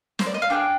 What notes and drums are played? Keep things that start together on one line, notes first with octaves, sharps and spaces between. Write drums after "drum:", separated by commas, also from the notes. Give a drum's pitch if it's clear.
C5, drum: snare
D5
D#5
F5
D4 F4 G#4 G5